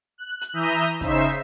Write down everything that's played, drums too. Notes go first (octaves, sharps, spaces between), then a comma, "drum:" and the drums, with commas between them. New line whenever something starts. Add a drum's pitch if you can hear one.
F#6
drum: hi-hat
E3 E5 A#5 D#6 G6
C#3 D#4 C5 E5 E6, drum: kick, hi-hat